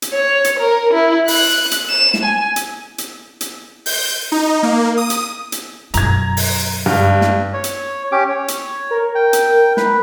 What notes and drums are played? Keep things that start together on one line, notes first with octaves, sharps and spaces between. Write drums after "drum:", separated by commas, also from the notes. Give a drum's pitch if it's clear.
drum: hi-hat
C#5
drum: hi-hat
A#4
E4
F#6, drum: open hi-hat
drum: hi-hat
E7
drum: snare
G#5
drum: hi-hat
drum: hi-hat
drum: hi-hat
G6, drum: open hi-hat
D#4
A#3
D#6
drum: hi-hat
drum: hi-hat
F#2 B2 A#5 G#6, drum: hi-hat
drum: open hi-hat
G2
drum: snare
C#5
drum: hi-hat
C#4 G4 D6
C#5
drum: hi-hat
A#4
G5
drum: hi-hat
B4, drum: snare